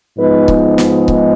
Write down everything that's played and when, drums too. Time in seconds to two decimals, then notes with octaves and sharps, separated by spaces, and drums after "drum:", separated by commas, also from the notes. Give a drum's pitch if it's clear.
0.18 G#2 F3 G#3 B3 D#4 B4
0.48 drum: kick C#1
0.78 drum: snare
1.08 drum: kick C#1